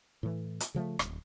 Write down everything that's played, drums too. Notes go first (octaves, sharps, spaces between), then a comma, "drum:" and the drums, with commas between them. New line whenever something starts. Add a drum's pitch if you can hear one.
A2 E3
drum: hi-hat
C#3 F3 G#3 A3
D1, drum: rim click